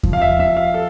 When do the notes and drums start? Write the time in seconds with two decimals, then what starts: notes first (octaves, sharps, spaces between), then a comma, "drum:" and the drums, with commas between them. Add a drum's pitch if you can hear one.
0.03 F3, drum: kick E2
0.13 F5
0.21 E5
0.39 F3 E5
0.57 F5
0.74 A4